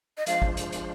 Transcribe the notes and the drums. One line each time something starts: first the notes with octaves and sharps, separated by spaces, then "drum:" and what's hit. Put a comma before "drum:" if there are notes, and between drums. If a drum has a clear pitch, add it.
D#5
F3 G#3 D4 F4 C5 F5, drum: hi-hat
drum: kick G#1
drum: hi-hat
drum: hi-hat